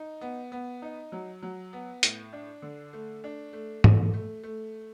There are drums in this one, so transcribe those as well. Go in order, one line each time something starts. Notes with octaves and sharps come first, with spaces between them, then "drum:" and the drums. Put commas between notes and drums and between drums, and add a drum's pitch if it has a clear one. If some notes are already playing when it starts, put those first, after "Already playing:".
Already playing: D#4
B3
B3
D#4
F#3
F#3
B3
A2, drum: hi-hat
D4
D3
A3
D4
A3
A3, drum: tom
A3
A3